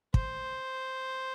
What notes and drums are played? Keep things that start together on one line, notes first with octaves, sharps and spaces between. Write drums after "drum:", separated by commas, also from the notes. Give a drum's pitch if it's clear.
C5, drum: kick